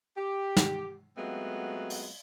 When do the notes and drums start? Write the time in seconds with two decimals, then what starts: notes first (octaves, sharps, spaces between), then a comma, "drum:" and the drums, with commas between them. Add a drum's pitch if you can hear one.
0.17 G4
0.57 drum: snare
1.16 F#3 G#3 A3 B3 C4 F4
1.90 drum: open hi-hat